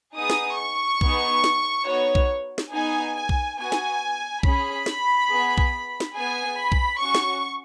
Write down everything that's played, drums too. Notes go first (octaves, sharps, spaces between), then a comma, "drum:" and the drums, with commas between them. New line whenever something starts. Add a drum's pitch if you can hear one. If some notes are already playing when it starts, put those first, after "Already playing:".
B3 D#4 G#4 D#6
drum: snare
C#6
B3 D#4 G#4, drum: kick B1
drum: snare
B3 D#4 F#4 C#5
drum: kick B1
drum: snare
B3 D#4 G#4 G#5
G#5
drum: kick B1
B3 F#4 G#5
drum: snare
C#4 G#4 B5, drum: kick B1
drum: snare
B3 G#4
drum: kick B1
drum: snare
B3 G#4 G#5
B5
drum: kick B1
C#4 F#4 C#6
drum: snare